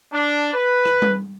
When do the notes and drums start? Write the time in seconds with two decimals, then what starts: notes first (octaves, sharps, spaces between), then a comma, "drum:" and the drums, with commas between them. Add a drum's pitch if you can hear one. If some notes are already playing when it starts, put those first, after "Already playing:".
0.12 D4
0.52 B4
0.85 drum: rim click
1.02 drum: tom G3